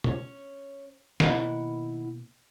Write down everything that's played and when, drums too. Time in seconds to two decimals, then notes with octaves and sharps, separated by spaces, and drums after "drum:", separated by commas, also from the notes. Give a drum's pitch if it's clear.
0.04 C#4 C#5, drum: tom
1.20 B2 D#3 A#3 E4 F#5, drum: snare